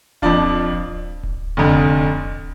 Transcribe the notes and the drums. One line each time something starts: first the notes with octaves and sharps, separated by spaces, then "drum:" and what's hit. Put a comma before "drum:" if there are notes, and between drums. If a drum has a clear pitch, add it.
F2 F3 D4 F4, drum: kick D1
drum: kick D1
drum: kick D1
F1 F2 D3
drum: kick D1
drum: kick D1